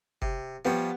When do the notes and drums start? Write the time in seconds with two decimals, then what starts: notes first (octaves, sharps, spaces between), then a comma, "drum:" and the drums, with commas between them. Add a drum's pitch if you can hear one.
0.22 C3, drum: kick F#1
0.65 F3 G3 B3 G4 C#5